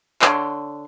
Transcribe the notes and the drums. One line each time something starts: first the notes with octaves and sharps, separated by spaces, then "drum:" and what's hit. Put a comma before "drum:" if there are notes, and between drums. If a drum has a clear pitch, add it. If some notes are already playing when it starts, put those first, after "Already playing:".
D3 C#5 C6, drum: clap